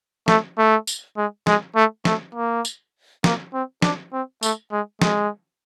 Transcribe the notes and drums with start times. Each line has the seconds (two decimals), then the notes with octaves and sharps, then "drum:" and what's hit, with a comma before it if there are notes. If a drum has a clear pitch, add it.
0.28 A3, drum: snare
0.58 A3
0.87 drum: tambourine
1.17 G#3
1.47 G#3, drum: snare
1.76 A3
2.05 A3, drum: snare
2.35 A#3
2.65 drum: tambourine
3.24 A#3, drum: snare
3.53 C4
3.82 D4, drum: snare
4.13 C4
4.43 A3, drum: tambourine
4.72 G#3
5.02 G#3, drum: snare